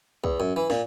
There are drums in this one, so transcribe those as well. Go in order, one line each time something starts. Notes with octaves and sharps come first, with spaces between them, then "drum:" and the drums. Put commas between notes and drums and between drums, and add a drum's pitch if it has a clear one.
E2, drum: kick
F#2
E3
A#2, drum: snare